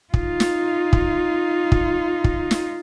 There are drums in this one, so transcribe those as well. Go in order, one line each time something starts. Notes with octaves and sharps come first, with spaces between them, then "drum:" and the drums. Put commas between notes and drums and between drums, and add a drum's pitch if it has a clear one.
D#4 F4, drum: kick
drum: snare
drum: kick
drum: kick
drum: kick
drum: snare